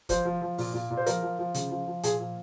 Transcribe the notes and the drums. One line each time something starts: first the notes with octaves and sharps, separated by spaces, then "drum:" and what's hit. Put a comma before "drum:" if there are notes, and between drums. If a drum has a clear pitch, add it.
F3 C5, drum: kick, hi-hat
F3
F3
A#2, drum: open hi-hat
A#2
A#2
C5
F3 A#4, drum: hi-hat
F3
F3
C#3, drum: hi-hat
F3
F3
A#2 G#4, drum: hi-hat
F3